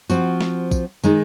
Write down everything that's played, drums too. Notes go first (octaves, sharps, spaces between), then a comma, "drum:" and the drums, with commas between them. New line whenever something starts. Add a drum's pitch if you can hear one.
F3 C4 F#4, drum: tambourine
drum: snare
drum: kick, tambourine
D#3 G#3 D#4, drum: tambourine